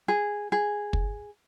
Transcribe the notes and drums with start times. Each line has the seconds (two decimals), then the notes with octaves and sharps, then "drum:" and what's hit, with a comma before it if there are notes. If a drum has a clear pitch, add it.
0.08 G#4
0.52 G#4
0.93 drum: kick